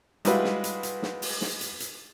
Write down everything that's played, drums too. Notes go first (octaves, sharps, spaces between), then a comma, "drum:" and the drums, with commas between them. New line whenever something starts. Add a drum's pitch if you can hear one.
G3 G#3 E4 F#4 B4 F5, drum: hi-hat
drum: snare
drum: hi-hat
drum: hi-hat
drum: snare
drum: open hi-hat
drum: snare
drum: hi-hat
drum: hi-hat